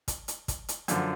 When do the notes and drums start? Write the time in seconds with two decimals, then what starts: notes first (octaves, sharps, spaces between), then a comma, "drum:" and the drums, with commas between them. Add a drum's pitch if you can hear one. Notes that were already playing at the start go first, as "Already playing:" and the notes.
0.08 drum: kick, hi-hat
0.28 drum: hi-hat
0.48 drum: kick, hi-hat
0.69 drum: hi-hat
0.88 F#2 D3 F3, drum: hi-hat